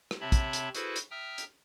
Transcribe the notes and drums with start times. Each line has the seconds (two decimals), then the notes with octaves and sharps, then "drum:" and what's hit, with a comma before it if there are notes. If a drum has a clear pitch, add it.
0.11 drum: rim click
0.21 C3 C4 C#5 E5 A5 B5
0.32 drum: kick, hi-hat
0.53 drum: hi-hat
0.75 E4 F#4 G#4 A4 B4 C5, drum: hi-hat
0.96 drum: hi-hat
1.11 E5 G5 A#5 D#6 F6
1.38 drum: hi-hat